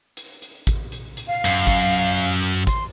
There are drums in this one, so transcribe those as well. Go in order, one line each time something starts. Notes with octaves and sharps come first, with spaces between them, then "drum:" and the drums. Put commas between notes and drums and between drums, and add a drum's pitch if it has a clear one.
drum: hi-hat
drum: hi-hat
drum: kick, hi-hat
drum: hi-hat
drum: hi-hat
F5
F#2, drum: hi-hat
drum: kick, hi-hat
drum: hi-hat
drum: hi-hat
drum: hi-hat
C6, drum: kick, hi-hat